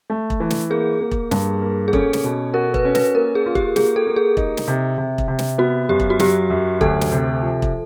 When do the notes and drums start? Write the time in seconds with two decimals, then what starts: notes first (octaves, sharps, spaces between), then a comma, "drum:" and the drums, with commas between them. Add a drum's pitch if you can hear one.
0.10 A3
0.30 drum: kick E1
0.40 E3
0.50 drum: snare
0.70 A#3 G#4
1.01 A#3
1.11 drum: kick E1
1.31 G2, drum: snare
1.62 A#3
1.88 G#4
1.93 C#4 A4, drum: kick E1
2.13 drum: snare
2.24 B2
2.53 F#4 A#4
2.74 B4, drum: kick E1
2.85 C#4
2.95 B4, drum: snare
3.14 A#3 A#4
3.35 G#4
3.46 F4
3.55 G4, drum: kick E1
3.76 A#3 G#4, drum: snare
3.96 A4
4.07 A#3
4.16 G#4
4.37 D#4, drum: kick E1
4.57 drum: snare
4.68 C3
4.98 C3
5.18 drum: kick E1
5.28 C3
5.39 drum: snare
5.58 B3 F#4
5.89 F#2 G4
6.00 drum: kick E1
6.10 F#4
6.19 F#3 G4, drum: snare
6.50 F#2
6.81 D2 A4, drum: kick E1
7.01 drum: snare
7.12 C3
7.42 F3
7.62 drum: kick E1